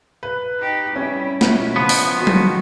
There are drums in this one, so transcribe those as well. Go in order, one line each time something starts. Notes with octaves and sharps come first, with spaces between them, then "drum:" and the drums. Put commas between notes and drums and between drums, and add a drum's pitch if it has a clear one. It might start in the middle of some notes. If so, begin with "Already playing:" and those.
B4
D#4 G4
G3 C#4 E4
B2 E4, drum: snare
C#3 F3 B3
drum: open hi-hat
D#3 F#4
drum: tom F#3